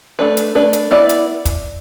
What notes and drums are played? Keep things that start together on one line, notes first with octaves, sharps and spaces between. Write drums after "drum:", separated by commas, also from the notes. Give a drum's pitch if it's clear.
A3 D4 B4
drum: hi-hat
A3 D4 B4
drum: hi-hat
B3 E4 B4 D5
drum: hi-hat
drum: kick, hi-hat